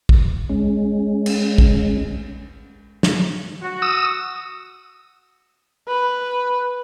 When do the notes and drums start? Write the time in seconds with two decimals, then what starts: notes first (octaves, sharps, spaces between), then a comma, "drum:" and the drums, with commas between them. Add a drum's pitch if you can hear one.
0.09 drum: kick
0.49 G#3 C#4
1.26 drum: cymbal
1.58 drum: kick
3.03 drum: snare
3.62 F#4
3.82 D#6 E6
5.88 B4